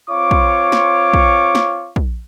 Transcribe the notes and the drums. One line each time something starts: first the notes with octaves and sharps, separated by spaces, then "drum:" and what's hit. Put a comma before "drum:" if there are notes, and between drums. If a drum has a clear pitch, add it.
C4 F4 C#5 C#6 D6
drum: kick
drum: snare
drum: kick
drum: snare
drum: kick